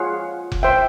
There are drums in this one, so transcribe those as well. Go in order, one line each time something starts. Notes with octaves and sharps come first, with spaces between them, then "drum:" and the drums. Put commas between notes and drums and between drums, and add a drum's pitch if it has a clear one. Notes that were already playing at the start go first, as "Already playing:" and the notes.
Already playing: F4 G#4 C#5 F#5
drum: kick F1
C5 E5 G5